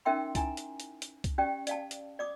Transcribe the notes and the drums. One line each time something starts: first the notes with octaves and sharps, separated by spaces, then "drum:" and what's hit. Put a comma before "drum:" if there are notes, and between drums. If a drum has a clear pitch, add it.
C#4 D#4 A#4 E5 G5 C6
E4 G#5 A#5, drum: kick C2, hi-hat
drum: hi-hat
drum: hi-hat
drum: hi-hat
drum: kick C2, hi-hat
C#4 G4 D5 G5
D5 F5 A5, drum: hi-hat
drum: hi-hat
D5 D6 D#6